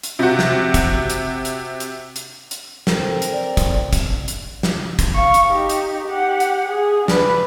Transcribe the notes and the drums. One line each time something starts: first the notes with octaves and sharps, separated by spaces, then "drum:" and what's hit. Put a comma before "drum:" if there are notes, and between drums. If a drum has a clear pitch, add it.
drum: hi-hat
C3 F#4
drum: snare
drum: kick, hi-hat
drum: hi-hat
drum: hi-hat
drum: hi-hat
drum: hi-hat
drum: hi-hat
C4 A4 A#4, drum: snare
drum: hi-hat
D5
drum: kick, hi-hat
drum: kick, hi-hat
drum: hi-hat
drum: snare
drum: kick, hi-hat
F5 C#6
drum: hi-hat
D#4 G4
drum: hi-hat
G4 F#5
drum: hi-hat
G#4
D4 B4, drum: snare